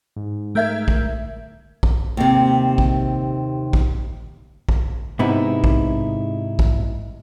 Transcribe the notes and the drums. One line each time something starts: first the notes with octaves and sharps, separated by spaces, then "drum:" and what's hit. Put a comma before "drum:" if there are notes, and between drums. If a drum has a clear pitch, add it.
G#2
A3 A#4 E5 G6 G#6
drum: kick
drum: kick
D#2 C3
drum: kick
drum: kick
drum: kick
G#2 C3 B3 D#4 E4
drum: kick
drum: kick